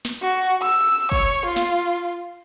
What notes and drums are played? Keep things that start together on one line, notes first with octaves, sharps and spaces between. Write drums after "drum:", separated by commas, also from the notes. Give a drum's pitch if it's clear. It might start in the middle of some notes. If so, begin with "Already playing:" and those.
drum: snare
F#4
E6
C#5, drum: kick
F4
drum: snare